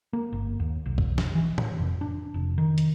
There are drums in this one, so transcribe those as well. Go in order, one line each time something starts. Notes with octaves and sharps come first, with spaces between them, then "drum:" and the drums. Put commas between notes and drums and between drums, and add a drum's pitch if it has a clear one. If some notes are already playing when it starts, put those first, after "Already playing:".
A#3
G1
D#2
B1
drum: kick B1
drum: snare
E3
drum: tom A2
F1
D4
F1
D#3
drum: hi-hat